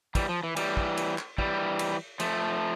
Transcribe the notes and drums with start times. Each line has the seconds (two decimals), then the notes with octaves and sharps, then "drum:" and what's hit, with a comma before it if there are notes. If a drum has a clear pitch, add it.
0.15 E3 G3, drum: kick, cymbal
0.29 F3
0.43 E3
0.57 E3 G3, drum: cymbal
0.77 drum: kick
0.97 drum: cymbal
1.18 drum: clap
1.38 E3 G3, drum: kick
1.79 drum: cymbal
2.20 F3 A3, drum: cymbal